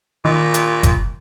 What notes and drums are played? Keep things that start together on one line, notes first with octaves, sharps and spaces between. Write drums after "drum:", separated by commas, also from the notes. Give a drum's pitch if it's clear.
A#2 D#3
drum: hi-hat
drum: kick F#1, hi-hat